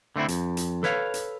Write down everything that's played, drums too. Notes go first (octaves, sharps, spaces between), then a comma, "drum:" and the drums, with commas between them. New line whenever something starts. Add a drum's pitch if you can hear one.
D3 A3 C4 E4
F2, drum: hi-hat
drum: hi-hat
A4 B4 C#5 F5, drum: snare
drum: hi-hat